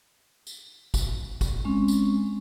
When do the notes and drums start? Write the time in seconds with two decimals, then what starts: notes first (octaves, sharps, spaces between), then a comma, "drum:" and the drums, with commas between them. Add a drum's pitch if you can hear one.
0.47 drum: tambourine
0.94 drum: kick, tambourine
1.41 drum: kick, tambourine
1.65 G#3 C4 C#4
1.88 drum: tambourine